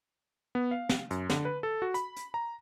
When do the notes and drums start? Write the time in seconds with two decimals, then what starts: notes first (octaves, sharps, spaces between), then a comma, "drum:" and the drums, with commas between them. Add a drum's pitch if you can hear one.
0.55 B3
0.71 F5
0.89 drum: snare
1.11 F#2, drum: hi-hat
1.30 D3, drum: snare
1.45 B4
1.63 A4
1.82 F#4
1.94 B5, drum: hi-hat
2.16 drum: hi-hat
2.34 A#5